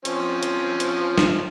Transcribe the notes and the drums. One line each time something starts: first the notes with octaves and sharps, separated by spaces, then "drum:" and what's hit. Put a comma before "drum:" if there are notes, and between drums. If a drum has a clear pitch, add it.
F3 C4 C#4, drum: hi-hat
drum: hi-hat
drum: hi-hat
drum: snare